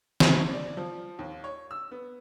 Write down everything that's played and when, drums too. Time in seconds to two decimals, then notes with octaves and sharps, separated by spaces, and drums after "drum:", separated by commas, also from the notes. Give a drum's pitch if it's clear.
0.20 C6, drum: snare
0.51 D5
0.77 F3
1.19 D#2
1.44 C#5
1.71 E6
1.91 B3